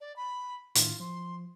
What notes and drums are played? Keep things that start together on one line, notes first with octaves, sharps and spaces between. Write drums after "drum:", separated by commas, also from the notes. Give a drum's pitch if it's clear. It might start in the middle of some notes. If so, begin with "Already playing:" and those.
D5
B5
A2 D#3 D4 F4, drum: hi-hat
F3 C6